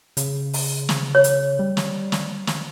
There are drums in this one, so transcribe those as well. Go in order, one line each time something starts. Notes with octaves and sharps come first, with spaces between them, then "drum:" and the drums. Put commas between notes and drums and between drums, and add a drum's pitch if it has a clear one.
C#3, drum: hi-hat
drum: open hi-hat
drum: snare
C#5
drum: hi-hat
G3
drum: snare
drum: snare
drum: snare